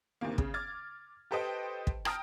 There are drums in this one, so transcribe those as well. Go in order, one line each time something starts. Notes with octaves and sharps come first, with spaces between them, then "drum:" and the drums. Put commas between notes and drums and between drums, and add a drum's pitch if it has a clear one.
D2 C3 D#3 A#3
C#3, drum: kick
D6 F6 G#6 A6
G4 A4 B4 C5 D#5 G5
drum: kick
G5 A5 A#5 D#6 F6, drum: rim click